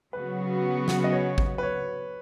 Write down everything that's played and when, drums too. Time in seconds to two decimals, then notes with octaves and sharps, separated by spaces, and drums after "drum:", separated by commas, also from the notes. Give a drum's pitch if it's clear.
0.13 C#3 F#3 B3 F#4 B4
0.88 drum: snare
1.04 D#5
1.12 C#5
1.38 drum: kick G#1
1.58 B4
1.63 C#5